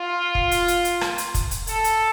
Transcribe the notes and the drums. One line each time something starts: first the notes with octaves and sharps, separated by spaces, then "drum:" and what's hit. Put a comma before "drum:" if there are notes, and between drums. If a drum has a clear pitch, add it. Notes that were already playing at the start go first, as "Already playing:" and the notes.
Already playing: F4
drum: kick
drum: hi-hat
drum: hi-hat
drum: hi-hat
drum: rim click
drum: hi-hat
drum: kick, hi-hat
drum: hi-hat
A4, drum: hi-hat
drum: hi-hat